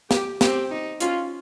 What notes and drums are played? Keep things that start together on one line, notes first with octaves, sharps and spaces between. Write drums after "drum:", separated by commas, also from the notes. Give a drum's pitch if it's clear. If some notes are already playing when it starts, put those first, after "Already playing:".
G4, drum: snare
C4 G4, drum: snare
D#4
C#4 F4, drum: hi-hat